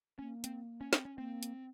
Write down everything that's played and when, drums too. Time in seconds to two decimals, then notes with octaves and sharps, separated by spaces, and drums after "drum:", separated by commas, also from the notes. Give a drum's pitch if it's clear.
0.19 A#3 C#4
0.44 C4, drum: hi-hat
0.81 C#4
0.93 C4, drum: snare
1.05 C#4
1.17 A#3 C4
1.43 drum: hi-hat